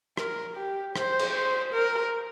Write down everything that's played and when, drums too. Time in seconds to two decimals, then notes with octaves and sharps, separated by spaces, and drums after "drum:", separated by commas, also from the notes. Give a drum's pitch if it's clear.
0.17 A#4, drum: rim click
0.57 G4
0.96 C5, drum: rim click
1.19 drum: cymbal
1.34 C5
1.73 A#4